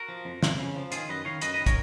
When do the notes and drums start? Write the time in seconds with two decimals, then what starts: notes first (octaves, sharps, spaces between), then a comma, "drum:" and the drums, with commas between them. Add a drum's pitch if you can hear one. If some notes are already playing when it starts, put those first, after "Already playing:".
Already playing: F#4 A#4
0.09 F3
0.25 F2
0.43 F2, drum: snare
0.60 C#3
0.76 F3
0.92 D#3 F4 G#4, drum: hi-hat
1.09 F#2 B4 D#5
1.25 D#3 C#5 F5
1.42 F#2 B4 D#5, drum: hi-hat
1.54 B4 D#5
1.59 D#3
1.66 A#4 C#5, drum: kick, hi-hat